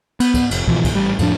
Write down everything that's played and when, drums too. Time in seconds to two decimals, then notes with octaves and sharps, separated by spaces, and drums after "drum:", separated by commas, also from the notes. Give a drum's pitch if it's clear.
0.20 B3, drum: cymbal
0.34 drum: kick, cymbal
0.51 F1, drum: cymbal
0.68 B2 E3 F3, drum: kick
0.85 drum: kick, cymbal
0.94 A1 G3
1.19 F2 A2 F3 D4, drum: cymbal